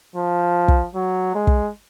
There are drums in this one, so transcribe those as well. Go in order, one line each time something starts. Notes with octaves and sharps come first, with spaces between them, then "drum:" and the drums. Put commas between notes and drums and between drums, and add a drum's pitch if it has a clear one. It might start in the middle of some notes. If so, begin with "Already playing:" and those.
F3
drum: kick
F#3
G#3
drum: kick